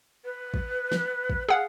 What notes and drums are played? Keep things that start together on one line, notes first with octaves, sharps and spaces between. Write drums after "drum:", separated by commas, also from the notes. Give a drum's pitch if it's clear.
B4
drum: kick
drum: snare
drum: kick
G#4 F5 F#5